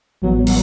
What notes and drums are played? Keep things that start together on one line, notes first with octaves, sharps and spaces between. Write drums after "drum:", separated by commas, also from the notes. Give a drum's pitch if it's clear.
A1 A2 E3 F#3 G3 B3
F#3, drum: open hi-hat